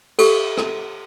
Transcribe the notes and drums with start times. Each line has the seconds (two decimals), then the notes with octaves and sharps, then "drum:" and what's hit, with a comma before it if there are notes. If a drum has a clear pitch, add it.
0.19 G4 A4, drum: cymbal
0.57 drum: rim click